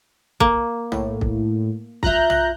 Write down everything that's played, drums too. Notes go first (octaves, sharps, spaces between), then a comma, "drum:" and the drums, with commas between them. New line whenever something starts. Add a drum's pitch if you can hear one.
A#3, drum: kick
A2, drum: tom
drum: kick
F4 E5 A#5 F#6 G6, drum: kick
drum: tom